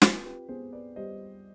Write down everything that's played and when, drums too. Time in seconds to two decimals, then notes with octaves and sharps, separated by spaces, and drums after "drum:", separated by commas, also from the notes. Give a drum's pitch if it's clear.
0.02 C4 F4, drum: snare
0.25 G4 B4
0.49 B3 G#4 C5
0.73 B4 D5
0.96 G3 C5 D#5